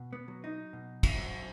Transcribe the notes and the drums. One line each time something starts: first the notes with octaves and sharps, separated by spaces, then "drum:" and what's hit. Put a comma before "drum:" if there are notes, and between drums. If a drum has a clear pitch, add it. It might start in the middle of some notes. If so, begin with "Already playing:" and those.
Already playing: B2
B3
F#3
D#4
B2
drum: kick, cymbal
F#3